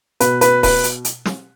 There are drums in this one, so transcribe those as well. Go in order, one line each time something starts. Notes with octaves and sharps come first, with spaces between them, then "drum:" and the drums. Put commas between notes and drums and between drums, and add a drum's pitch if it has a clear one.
B2 B4, drum: hi-hat
B4, drum: hi-hat
B4, drum: kick D#1, open hi-hat
drum: hi-hat
drum: hi-hat
drum: snare